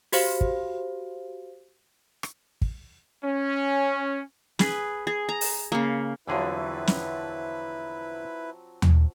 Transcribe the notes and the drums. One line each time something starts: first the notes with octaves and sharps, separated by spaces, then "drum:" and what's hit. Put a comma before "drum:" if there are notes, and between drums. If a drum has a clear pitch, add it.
F#4 G4 C5 F5, drum: open hi-hat
drum: kick
drum: rim click
drum: kick
C#4
G#4 B4, drum: snare
G#4
A#5
drum: open hi-hat
C#3 A#3
E2 D3 F3 F#3 C4 E4 G#4 B4
drum: snare
drum: tom D#2